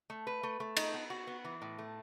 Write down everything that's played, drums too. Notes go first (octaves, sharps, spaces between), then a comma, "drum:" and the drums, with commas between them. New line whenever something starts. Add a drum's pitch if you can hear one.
A3
B4
A3
A3
D#4, drum: cymbal
B3
F#4
B3
E3
A2
A3